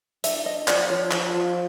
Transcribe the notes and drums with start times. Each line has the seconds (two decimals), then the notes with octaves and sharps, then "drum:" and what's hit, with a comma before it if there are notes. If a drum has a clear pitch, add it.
0.24 D4 E5, drum: hi-hat
0.45 D4 D#5
0.68 F3 D5, drum: clap
0.90 F3 C#5
1.11 F3, drum: clap
1.34 F3